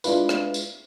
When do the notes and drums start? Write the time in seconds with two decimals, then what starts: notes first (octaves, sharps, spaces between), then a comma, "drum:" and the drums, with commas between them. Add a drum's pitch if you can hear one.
0.04 G#3 D4 E4 F4 B4, drum: tambourine
0.29 drum: rim click
0.54 drum: tambourine